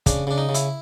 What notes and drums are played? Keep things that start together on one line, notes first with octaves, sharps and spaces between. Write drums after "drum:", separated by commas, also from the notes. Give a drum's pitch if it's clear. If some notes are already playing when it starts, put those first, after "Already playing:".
C#3 D4, drum: kick, hi-hat
C#3 D4
D#4
C#3
E4, drum: hi-hat